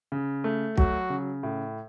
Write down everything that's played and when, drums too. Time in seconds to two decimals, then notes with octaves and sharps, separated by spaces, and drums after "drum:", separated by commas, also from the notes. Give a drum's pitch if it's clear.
0.12 C#3
0.44 A3
0.77 F#3 F#4, drum: kick
1.10 C#3
1.43 A2